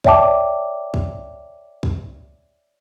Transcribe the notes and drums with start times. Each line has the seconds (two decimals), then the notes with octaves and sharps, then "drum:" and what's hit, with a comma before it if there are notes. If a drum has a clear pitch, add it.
0.04 C#5 D5 E5 G5 A5 D6, drum: kick
0.94 drum: kick
1.83 drum: kick